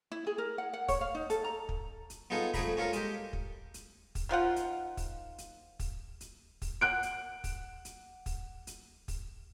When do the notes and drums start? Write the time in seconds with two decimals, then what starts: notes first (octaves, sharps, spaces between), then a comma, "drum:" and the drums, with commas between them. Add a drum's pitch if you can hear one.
0.12 E4
0.27 G#4
0.38 A#4
0.58 F#5
0.73 F#5
0.88 C#5, drum: kick, open hi-hat
1.01 F5
1.15 D#4
1.30 A4, drum: hi-hat
1.44 A#5
1.69 drum: kick
2.10 drum: hi-hat
2.30 B3 D#4 F4 G#4 A4
2.54 F2 A3 G#4 A#5 B5, drum: kick, open hi-hat
2.77 C#4 F4 A4 A#4
2.93 G#3 G4, drum: hi-hat
3.33 drum: kick
3.74 drum: hi-hat
4.15 drum: kick, open hi-hat
4.29 D#3 F3 F4 F#5
4.56 drum: hi-hat
4.97 drum: kick, open hi-hat
5.38 drum: hi-hat
5.79 drum: kick, open hi-hat
6.21 drum: hi-hat
6.62 drum: kick, open hi-hat
6.81 F#5 F#6 D7
7.03 drum: hi-hat
7.44 drum: kick, open hi-hat
7.85 drum: hi-hat
8.26 drum: kick, open hi-hat
8.67 drum: hi-hat
9.08 drum: kick, open hi-hat